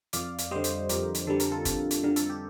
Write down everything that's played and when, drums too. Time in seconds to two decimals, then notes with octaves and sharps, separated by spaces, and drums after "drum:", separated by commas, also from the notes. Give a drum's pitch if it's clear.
0.13 F2 D5 F5, drum: hi-hat
0.39 drum: hi-hat
0.51 D3 G3 C5 D#5
0.64 drum: hi-hat
0.89 F2 G4 A#4, drum: hi-hat
1.15 drum: hi-hat
1.27 D3 G3 A4
1.40 A#4, drum: hi-hat
1.52 F4 A4
1.65 F2, drum: kick, hi-hat
1.91 drum: hi-hat
2.03 D3 G3 A#4
2.16 A4, drum: hi-hat
2.29 G4